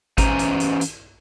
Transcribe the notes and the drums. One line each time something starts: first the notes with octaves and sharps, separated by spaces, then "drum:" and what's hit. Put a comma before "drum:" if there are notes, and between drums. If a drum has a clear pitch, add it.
E3 C#4 C5 G#5 A#5, drum: kick G#1, hi-hat
drum: hi-hat
drum: hi-hat
drum: hi-hat